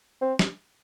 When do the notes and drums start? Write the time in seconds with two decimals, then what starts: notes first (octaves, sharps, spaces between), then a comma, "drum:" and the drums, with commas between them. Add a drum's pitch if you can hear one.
0.21 C4
0.39 drum: snare